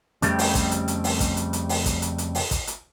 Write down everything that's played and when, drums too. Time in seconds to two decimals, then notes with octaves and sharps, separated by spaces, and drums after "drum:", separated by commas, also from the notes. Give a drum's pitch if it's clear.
0.22 F2 C#3 G3 A3 C4 G4, drum: hi-hat
0.39 drum: open hi-hat
0.55 drum: kick, hi-hat
0.71 drum: hi-hat
0.88 drum: hi-hat
1.04 drum: open hi-hat
1.20 drum: kick, hi-hat
1.37 drum: hi-hat
1.53 drum: hi-hat
1.69 drum: open hi-hat
1.86 drum: kick, hi-hat
2.02 drum: hi-hat
2.18 drum: hi-hat
2.35 drum: open hi-hat
2.51 drum: kick, hi-hat
2.67 drum: hi-hat